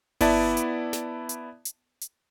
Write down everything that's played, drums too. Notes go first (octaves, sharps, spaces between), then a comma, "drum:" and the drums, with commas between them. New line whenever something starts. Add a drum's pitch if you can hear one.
B3 E4 D5 A5, drum: kick G1, open hi-hat
drum: hi-hat
drum: snare
drum: hi-hat
drum: hi-hat
drum: hi-hat